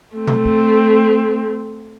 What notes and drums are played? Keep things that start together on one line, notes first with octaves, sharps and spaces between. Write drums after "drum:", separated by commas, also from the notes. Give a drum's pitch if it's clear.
A3 C4
drum: tom B2
drum: kick